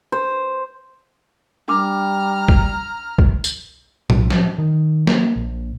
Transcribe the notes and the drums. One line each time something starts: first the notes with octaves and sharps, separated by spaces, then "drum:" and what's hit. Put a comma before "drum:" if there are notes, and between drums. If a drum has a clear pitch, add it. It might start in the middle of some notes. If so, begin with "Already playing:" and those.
C5
G3 D4 A#5 D6 F6
drum: kick
drum: kick
drum: tambourine
B1, drum: tom
F3, drum: snare
D#3
A#3, drum: snare
A#1